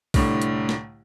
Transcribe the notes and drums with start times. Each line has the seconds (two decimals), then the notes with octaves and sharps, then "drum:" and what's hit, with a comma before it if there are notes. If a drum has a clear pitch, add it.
0.14 C2 A2 D3, drum: kick, open hi-hat
0.42 drum: hi-hat
0.69 drum: snare